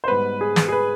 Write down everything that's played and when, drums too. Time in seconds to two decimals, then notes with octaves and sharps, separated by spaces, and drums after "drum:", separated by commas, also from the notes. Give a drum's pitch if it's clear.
0.04 C5
0.08 G#2 G3 B3 B4
0.41 G#4
0.56 drum: snare
0.68 G#4
0.72 B4